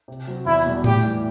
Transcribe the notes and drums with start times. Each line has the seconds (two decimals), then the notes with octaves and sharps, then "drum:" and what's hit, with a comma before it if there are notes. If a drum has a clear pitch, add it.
0.08 C3
0.27 F#3 C4
0.46 E2 E4
0.65 B2 G3
0.84 A2 G4, drum: tom A2
1.03 E3 G3